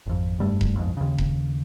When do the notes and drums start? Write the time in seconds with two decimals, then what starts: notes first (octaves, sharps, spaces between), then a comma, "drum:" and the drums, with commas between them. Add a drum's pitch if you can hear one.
0.06 G#1 F2
0.38 F1 G2 G3 A3
0.61 drum: kick E1
0.75 B1 F2 G#2
0.97 D#2 C#3
1.18 drum: kick E1